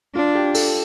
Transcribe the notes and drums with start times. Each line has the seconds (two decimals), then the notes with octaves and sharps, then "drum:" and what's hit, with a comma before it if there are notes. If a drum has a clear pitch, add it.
0.15 D4 F4
0.35 G4
0.54 A4, drum: open hi-hat